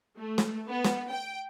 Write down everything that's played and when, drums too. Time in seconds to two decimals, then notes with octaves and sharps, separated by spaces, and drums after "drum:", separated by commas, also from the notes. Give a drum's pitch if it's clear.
0.19 A3
0.38 drum: snare
0.68 B3
0.84 drum: snare
1.11 G5